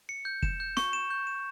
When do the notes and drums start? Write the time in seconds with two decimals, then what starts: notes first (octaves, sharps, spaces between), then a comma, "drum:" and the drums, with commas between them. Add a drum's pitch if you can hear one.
0.09 C#7
0.25 G6
0.43 E7, drum: kick
0.60 G6
0.77 C#6, drum: snare
0.93 E7
1.10 G6
1.27 E7